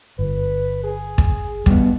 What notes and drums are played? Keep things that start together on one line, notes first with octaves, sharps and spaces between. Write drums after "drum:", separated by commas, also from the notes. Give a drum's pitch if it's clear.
G1 B4
G#4
drum: kick
B2 G3 B3, drum: kick